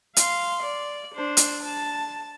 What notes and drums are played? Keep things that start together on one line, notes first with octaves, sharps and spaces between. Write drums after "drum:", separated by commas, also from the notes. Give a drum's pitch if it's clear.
F5 C6, drum: hi-hat
D5
D4 C5
drum: hi-hat
A5